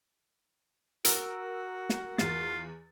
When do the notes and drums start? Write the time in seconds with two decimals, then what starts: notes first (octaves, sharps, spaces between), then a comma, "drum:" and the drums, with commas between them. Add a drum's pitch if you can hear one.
1.05 F#4 A#4 E6 D7, drum: hi-hat
1.89 drum: snare
2.18 E2 F4 A6, drum: snare